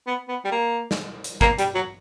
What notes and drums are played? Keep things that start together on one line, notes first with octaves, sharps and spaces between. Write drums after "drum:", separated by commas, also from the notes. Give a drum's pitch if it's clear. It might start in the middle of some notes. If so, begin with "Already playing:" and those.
B3
B3
G3
A#3
drum: snare
drum: hi-hat
A#3, drum: kick
G3, drum: hi-hat
F#3